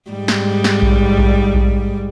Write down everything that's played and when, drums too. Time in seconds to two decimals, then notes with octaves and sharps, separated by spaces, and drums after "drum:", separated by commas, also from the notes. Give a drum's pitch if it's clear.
0.10 G#2 G3
0.28 drum: snare
0.64 drum: snare
0.82 drum: kick A#1
1.18 drum: kick A#1
1.54 drum: kick A#1